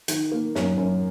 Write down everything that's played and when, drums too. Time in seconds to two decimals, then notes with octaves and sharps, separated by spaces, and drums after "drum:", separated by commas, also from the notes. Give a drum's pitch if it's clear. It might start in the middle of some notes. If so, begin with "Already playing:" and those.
0.08 D#3, drum: hi-hat
0.32 A#3
0.55 F#2, drum: snare
0.77 F#2